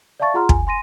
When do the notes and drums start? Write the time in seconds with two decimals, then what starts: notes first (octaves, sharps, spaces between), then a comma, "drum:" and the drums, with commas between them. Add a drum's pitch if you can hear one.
0.20 D5 E5 F5 A5 C#6 A6
0.34 F4 G#4 F#5 A#5 C6 F6
0.49 G#5, drum: kick
0.67 G#5 C6 A#6 D#7